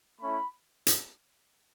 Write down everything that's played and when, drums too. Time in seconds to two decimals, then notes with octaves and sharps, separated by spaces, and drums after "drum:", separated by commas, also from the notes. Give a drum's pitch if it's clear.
0.21 A3 C#4 E4 B5
0.87 drum: hi-hat